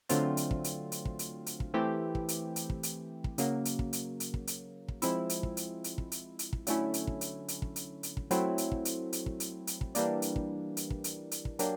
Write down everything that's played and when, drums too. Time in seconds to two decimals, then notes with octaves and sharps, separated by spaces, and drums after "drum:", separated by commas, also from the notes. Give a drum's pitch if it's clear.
0.09 D3 F#3 A3 C4 F4, drum: hi-hat
0.37 drum: hi-hat
0.51 drum: kick
0.64 drum: hi-hat
0.92 drum: hi-hat
1.05 drum: kick
1.19 drum: hi-hat
1.46 drum: hi-hat
1.60 drum: kick
1.74 E3 A3 C4 E4 G4
2.15 drum: kick
2.29 drum: hi-hat
2.56 drum: hi-hat
2.70 drum: kick
2.83 drum: hi-hat
3.24 drum: kick
3.38 C#3 F#3 A#3, drum: hi-hat
3.65 drum: hi-hat
3.79 drum: kick
3.93 drum: hi-hat
4.20 drum: hi-hat
4.34 drum: kick
4.47 drum: hi-hat
4.88 drum: kick
5.02 F3 G#3 C4 E4, drum: hi-hat
5.29 drum: hi-hat
5.43 drum: kick
5.57 drum: hi-hat
5.84 drum: hi-hat
5.98 drum: kick
6.12 drum: hi-hat
6.39 drum: hi-hat
6.53 drum: kick
6.67 D3 F#3 A3 C#4 E4, drum: hi-hat
6.94 drum: hi-hat
7.07 drum: kick
7.21 drum: hi-hat
7.48 drum: hi-hat
7.62 drum: kick
7.76 drum: hi-hat
8.03 drum: hi-hat
8.17 drum: kick
8.31 F#3 A3 C4 E4, drum: hi-hat
8.58 drum: hi-hat
8.72 drum: kick
8.85 drum: hi-hat
9.13 drum: hi-hat
9.26 drum: kick
9.40 drum: hi-hat
9.67 drum: hi-hat
9.81 drum: kick
9.95 E3 G3 A#3 D4, drum: hi-hat
10.22 drum: hi-hat
10.36 drum: kick
10.77 drum: hi-hat
10.90 drum: kick
11.04 drum: hi-hat
11.31 drum: hi-hat
11.45 drum: kick
11.59 F#3 A#3 D4 G4, drum: hi-hat